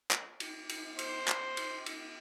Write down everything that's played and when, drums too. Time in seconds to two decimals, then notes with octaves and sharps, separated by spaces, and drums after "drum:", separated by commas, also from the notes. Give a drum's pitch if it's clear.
0.11 drum: clap
0.40 drum: cymbal
0.69 drum: cymbal
0.99 C5, drum: cymbal
1.28 drum: clap
1.57 drum: cymbal
1.86 drum: cymbal